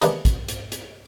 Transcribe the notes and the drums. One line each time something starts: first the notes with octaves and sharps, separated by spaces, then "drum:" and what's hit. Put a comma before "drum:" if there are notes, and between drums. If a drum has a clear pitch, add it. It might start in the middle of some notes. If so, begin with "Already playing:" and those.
C3 E3 G#3 A#3 B3 D4, drum: hi-hat
drum: kick, hi-hat
drum: hi-hat
drum: hi-hat